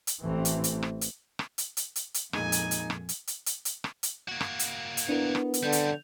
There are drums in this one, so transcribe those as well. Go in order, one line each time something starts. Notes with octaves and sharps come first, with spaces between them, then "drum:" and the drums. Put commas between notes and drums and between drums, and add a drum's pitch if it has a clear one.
drum: hi-hat
A1 E3 A3 C4
drum: hi-hat
drum: hi-hat
drum: rim click
drum: hi-hat
drum: rim click
drum: hi-hat
drum: hi-hat
drum: hi-hat
drum: hi-hat
F2 A#2 G#3 D#4 G#5, drum: rim click
drum: hi-hat
drum: hi-hat
drum: rim click
drum: hi-hat
drum: hi-hat
drum: hi-hat
drum: hi-hat
drum: rim click
drum: hi-hat
A#3 F#4
drum: rim click
drum: hi-hat
drum: hi-hat
B3 D4 E4 A#4
drum: rim click
drum: hi-hat
D3 G3 C#4 G6
drum: hi-hat